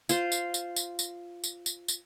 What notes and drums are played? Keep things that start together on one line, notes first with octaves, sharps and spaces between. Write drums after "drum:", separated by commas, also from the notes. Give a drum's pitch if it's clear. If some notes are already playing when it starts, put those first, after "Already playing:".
F4 C5, drum: tambourine
drum: tambourine
drum: tambourine
drum: tambourine
drum: tambourine
drum: tambourine
drum: tambourine
drum: tambourine